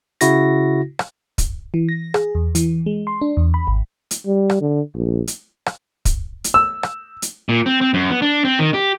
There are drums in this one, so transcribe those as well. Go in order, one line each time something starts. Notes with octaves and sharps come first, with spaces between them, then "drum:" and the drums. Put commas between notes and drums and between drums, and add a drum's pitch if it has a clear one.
C#3 E4 F#4 A#6, drum: hi-hat
drum: rim click
drum: kick, hi-hat
E3
A#6
G#4, drum: rim click
E2
E3, drum: hi-hat
G#3
C6
D4
E2
B5
G#1
drum: hi-hat
G3
drum: rim click
D3
A#1
drum: hi-hat
drum: rim click
drum: kick, hi-hat
drum: hi-hat
E6
drum: rim click
drum: hi-hat
A#2
C4
C4
F#2
B3
D4
C4
D#3
G4